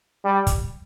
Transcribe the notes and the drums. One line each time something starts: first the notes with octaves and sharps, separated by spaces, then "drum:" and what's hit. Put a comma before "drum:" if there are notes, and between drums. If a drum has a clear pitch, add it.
G3
drum: kick, hi-hat